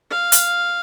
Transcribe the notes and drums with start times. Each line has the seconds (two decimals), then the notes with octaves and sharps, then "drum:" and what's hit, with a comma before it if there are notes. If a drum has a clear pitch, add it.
0.10 F5
0.32 drum: hi-hat